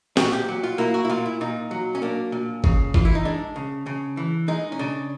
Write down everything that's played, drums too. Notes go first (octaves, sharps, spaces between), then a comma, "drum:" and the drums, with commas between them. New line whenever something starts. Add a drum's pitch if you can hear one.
A#2 F#4, drum: snare
G4
F#3
F4
A#3 E4
F#4
E4
A#2 F4
E4
A#2 D#4
F#3
C#4
A#3 D4
A#2
C#3, drum: kick
E3 F4, drum: kick
E4
D#4
G#3 D4
C#3
C#3
E3
G#3 D#4
C#4
C#3 D4